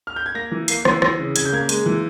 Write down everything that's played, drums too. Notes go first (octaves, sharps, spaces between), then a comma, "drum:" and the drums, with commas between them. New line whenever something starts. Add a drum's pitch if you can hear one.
F6
G6
G#6
A#3 A#6
E3
A#3 C7, drum: hi-hat
E3, drum: rim click
E3 A#6, drum: rim click
C#3
C#3 G#6, drum: hi-hat
G6
A#3 G#6
G#3, drum: hi-hat
E3